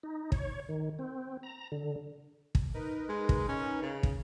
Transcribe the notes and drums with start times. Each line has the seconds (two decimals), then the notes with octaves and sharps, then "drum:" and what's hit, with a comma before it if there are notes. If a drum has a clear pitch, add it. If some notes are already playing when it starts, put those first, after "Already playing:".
0.03 D#4
0.32 C#5, drum: kick
0.69 D#3
0.99 C4
1.43 A#5
1.72 D3
2.55 drum: kick
2.74 D#4 A#4 B4
3.09 G#3
3.29 drum: kick
3.48 C#4
3.82 C#3
4.03 drum: kick